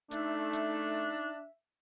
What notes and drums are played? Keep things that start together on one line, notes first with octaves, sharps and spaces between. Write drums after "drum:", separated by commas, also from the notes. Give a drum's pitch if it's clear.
A3 D4 D#4 E5, drum: hi-hat
drum: hi-hat